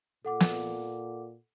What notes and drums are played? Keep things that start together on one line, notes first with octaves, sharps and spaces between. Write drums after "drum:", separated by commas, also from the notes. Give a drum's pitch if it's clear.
A#2 A4 F#5 D6
drum: snare